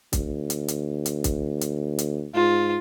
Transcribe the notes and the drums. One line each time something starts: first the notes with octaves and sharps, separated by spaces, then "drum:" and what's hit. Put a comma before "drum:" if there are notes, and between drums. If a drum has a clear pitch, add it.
D2, drum: kick, hi-hat
drum: hi-hat
drum: hi-hat
drum: hi-hat
drum: kick, hi-hat
drum: hi-hat
drum: hi-hat
G#2 F4